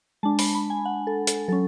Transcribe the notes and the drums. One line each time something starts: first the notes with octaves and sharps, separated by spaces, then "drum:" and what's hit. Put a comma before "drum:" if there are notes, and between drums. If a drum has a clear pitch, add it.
G#3 D4 A5
B5, drum: open hi-hat
B5
G#5
F#5
A4
A4, drum: hi-hat
F#3 C#4 A4